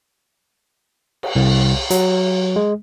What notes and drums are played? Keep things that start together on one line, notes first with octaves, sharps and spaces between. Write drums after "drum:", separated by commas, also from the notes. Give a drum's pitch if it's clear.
drum: cymbal
C2
F#3, drum: hi-hat
G#3